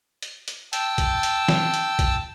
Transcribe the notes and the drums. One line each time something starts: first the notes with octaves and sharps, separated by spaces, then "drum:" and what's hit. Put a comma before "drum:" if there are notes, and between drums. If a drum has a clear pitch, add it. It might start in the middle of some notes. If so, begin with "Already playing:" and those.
drum: hi-hat
drum: hi-hat
G5 A5 E6, drum: hi-hat
drum: kick, hi-hat
drum: hi-hat
drum: snare
drum: hi-hat
drum: kick, hi-hat